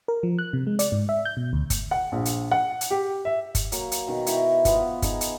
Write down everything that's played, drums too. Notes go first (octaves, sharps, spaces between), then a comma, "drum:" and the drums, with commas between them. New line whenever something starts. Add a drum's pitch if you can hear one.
A#4
F3
F#6
C3
G#3
D5, drum: hi-hat
G#2
E5
G6
B2
D2
drum: kick, hi-hat
F#5
A#1
drum: hi-hat
F#5
drum: hi-hat
G4
E5
drum: kick, hi-hat
F#3 A#3, drum: hi-hat
drum: hi-hat
B2 D#3 A#4
E4 F#4 E5 G5, drum: hi-hat
F3 B3 F4, drum: kick, hi-hat
D#4 G#4, drum: kick, hi-hat
drum: hi-hat